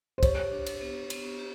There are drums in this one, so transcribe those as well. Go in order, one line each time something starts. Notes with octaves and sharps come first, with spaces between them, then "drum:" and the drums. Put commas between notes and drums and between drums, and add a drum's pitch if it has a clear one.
C5
G4 C#5, drum: kick, cymbal
D4
drum: cymbal
B3
B3, drum: cymbal
G4